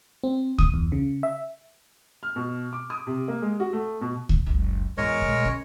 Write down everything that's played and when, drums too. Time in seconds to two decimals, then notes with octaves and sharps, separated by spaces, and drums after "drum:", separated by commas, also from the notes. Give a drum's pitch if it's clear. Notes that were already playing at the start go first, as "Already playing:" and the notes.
0.23 C4
0.58 D#6, drum: kick C#2
0.74 E2
0.92 C#3
1.23 E5
2.23 F6
2.36 B2
2.73 D6
2.90 D#6
3.07 C3
3.28 A#3
3.42 G#3
3.60 F#4
3.73 A3
4.01 B2
4.29 drum: kick C#2
4.46 F#1 C#2
4.98 E2 G2 G#3 A#4 C#5
5.22 B2 A3
5.45 C#4